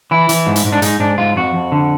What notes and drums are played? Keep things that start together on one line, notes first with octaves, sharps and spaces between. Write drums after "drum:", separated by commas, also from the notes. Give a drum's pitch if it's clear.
E3 E4
E3, drum: hi-hat
G#2
drum: hi-hat
G#2
D4
G#2 D#4, drum: hi-hat
G#2 D4
G#2 F4
F2 F#4
F2
D3